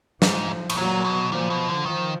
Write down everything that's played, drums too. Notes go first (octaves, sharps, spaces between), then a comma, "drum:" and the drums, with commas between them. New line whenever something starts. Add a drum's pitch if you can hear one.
G#2 F3, drum: snare
A2, drum: cymbal
A#2 F#3
B2
A#2 F3
B2
D3
D#3 F3